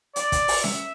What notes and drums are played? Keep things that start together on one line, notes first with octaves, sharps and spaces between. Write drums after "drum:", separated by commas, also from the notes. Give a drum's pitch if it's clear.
D5, drum: hi-hat
drum: kick, hi-hat
drum: open hi-hat
E5, drum: snare C#4